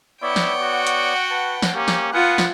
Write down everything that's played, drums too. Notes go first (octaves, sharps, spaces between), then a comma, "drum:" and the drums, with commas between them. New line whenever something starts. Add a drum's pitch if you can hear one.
B3 E4 C#5 D5 F#5 G5
drum: snare
F#4
drum: hi-hat
B4 A5
drum: snare
A#3 C#4 G4
drum: snare
B3 F4 F5 F#5 G#5
drum: snare